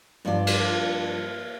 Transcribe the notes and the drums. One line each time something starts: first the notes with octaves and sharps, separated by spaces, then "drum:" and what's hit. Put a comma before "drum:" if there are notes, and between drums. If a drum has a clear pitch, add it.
G2 F3 F4 D5
drum: cymbal